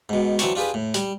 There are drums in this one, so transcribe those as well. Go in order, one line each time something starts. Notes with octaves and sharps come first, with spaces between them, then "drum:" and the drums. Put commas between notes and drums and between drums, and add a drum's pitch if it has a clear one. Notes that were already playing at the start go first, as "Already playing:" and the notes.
G#2 B2
E3 F#3 C4 D4 A5 C#6, drum: hi-hat
D4 F4 G4 G#4 B4
A2
G3, drum: hi-hat